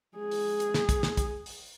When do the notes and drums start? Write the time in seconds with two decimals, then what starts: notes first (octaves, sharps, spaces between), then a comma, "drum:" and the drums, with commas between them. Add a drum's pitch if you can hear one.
0.17 G#3 G#4
0.31 drum: open hi-hat
0.60 drum: hi-hat
0.74 drum: snare
0.89 drum: kick, hi-hat
1.03 drum: snare
1.17 drum: kick, hi-hat
1.46 drum: open hi-hat